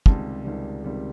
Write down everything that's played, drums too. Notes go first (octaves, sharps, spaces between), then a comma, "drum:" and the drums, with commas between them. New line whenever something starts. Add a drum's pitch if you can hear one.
C#2 C3 D#3 G3 A5, drum: kick
C#2 C3 D#3 G3
C#2 C3 D#3 G3